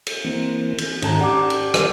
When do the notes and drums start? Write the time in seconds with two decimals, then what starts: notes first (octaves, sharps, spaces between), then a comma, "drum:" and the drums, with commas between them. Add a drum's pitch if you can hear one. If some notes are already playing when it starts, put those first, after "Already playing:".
0.07 drum: cymbal
0.25 E3 A#3 C4
0.78 drum: cymbal
1.02 G#2 D#3 C#4 A5 A#5, drum: cymbal
1.21 G4 D5 F#5 D6
1.50 drum: cymbal
1.74 drum: rim click